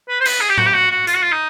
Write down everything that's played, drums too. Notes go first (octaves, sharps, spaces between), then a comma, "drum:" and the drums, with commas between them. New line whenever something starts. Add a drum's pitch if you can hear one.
B4
C5
B4, drum: cymbal
G#4
G4
F#4, drum: tom A2
G4
F#4
F#4
F4, drum: hi-hat
F#4
F4
D#4